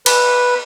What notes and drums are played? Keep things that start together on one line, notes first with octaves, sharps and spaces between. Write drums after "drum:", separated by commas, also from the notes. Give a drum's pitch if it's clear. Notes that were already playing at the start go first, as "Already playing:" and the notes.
B4, drum: cymbal